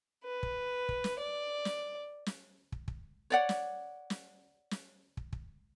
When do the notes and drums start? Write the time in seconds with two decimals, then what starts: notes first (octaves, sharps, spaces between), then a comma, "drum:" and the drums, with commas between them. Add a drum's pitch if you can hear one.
0.24 B4
0.43 drum: kick
0.89 drum: kick
1.04 drum: snare
1.19 D5
1.65 drum: snare
2.26 drum: snare
2.72 drum: kick
2.88 drum: kick
3.30 C#5 D5 F#5
3.49 drum: snare
4.10 drum: snare
4.71 drum: snare
5.17 drum: kick
5.33 drum: kick